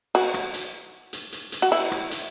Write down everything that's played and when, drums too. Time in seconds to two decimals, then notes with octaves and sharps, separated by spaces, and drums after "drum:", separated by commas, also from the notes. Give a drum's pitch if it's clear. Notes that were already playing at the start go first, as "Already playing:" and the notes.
0.15 F#4, drum: open hi-hat
0.34 drum: rim click
0.54 drum: hi-hat
1.13 drum: hi-hat
1.33 drum: hi-hat
1.52 drum: hi-hat
1.62 F#4
1.72 E4, drum: open hi-hat
1.92 drum: rim click
2.11 drum: hi-hat